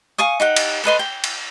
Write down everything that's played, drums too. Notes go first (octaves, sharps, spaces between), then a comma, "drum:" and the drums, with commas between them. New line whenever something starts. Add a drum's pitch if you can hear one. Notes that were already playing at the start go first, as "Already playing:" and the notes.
F5 G#5 C#6 D#6
D#4 G4 F#5
drum: cymbal
A4 B4 D#5 C6
G5
drum: cymbal